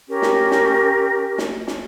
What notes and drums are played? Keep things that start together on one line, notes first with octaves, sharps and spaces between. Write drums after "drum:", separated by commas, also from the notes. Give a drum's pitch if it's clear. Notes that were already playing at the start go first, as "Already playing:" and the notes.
C#4 G4 A#4
drum: snare
drum: snare
drum: snare
drum: snare